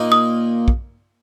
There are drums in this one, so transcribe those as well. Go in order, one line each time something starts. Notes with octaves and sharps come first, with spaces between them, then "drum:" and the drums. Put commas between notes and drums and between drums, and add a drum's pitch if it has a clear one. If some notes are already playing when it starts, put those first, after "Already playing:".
Already playing: A#2 A#3 D#4
D#6
drum: kick